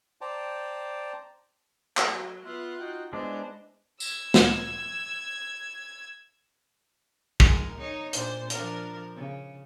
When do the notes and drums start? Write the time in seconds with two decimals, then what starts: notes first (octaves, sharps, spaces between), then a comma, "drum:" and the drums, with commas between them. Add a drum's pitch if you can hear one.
0.21 C5 D5 G5 A5 A#5
1.97 F#3, drum: clap
2.45 B3 F4 E5 F#5 C6
2.79 D#4 F#4 G5
3.13 G#3 B3 D4 E4 C5 D5
4.00 E6 G#6, drum: tambourine
4.34 drum: snare
7.40 G#3 A#4, drum: kick
7.78 D#4 C#5
8.13 A#2 D4 C5, drum: hi-hat
8.50 F3 D4 A#4, drum: hi-hat
9.15 C#3